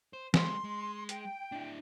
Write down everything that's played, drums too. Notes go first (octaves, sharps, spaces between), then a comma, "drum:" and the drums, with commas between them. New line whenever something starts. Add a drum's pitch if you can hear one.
C5
G#3 C6, drum: snare
G#3
G5, drum: hi-hat
D4 E4